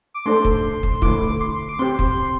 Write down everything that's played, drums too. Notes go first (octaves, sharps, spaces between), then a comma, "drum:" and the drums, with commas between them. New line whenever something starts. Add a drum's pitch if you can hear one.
D6
A3 D4 A4 C5 C6
drum: kick
drum: kick
D3 A3 E4 D6, drum: kick
C6
D6
C4 G4 C5 C6
drum: kick
C6